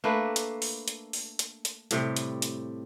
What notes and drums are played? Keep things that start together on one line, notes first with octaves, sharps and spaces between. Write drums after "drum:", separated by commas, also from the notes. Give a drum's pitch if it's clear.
A3 A#3 D4 B4
drum: hi-hat
drum: open hi-hat
drum: hi-hat
drum: open hi-hat
drum: hi-hat
drum: hi-hat
A2 C3 G3, drum: hi-hat
drum: hi-hat
drum: hi-hat